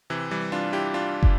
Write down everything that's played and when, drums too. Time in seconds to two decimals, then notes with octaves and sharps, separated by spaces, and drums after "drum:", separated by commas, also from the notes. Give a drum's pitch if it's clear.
0.10 C3 E3
0.31 E3 G3
0.52 D4 F4
0.73 E4 G4
0.94 D4 F4
1.23 drum: kick